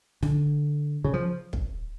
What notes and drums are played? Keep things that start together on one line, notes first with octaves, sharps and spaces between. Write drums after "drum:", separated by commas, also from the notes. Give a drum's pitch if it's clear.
D3, drum: snare
C#3
F3
drum: kick